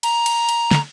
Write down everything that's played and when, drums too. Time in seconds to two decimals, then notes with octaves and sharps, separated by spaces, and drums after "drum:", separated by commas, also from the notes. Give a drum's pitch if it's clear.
0.03 A#5, drum: cymbal
0.26 drum: cymbal
0.49 drum: cymbal
0.71 drum: snare